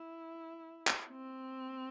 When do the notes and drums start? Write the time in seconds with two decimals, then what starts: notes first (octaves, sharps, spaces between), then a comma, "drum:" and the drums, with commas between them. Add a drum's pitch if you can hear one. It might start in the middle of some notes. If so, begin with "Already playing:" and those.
Already playing: E4
0.87 drum: clap
1.10 C4